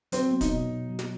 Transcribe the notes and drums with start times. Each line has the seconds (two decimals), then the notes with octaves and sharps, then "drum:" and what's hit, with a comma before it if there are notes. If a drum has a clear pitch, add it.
0.12 F#3 C4, drum: hi-hat
0.31 B3
0.41 D#4, drum: kick, hi-hat
0.51 B2
0.70 B2
0.89 F#3
0.99 drum: snare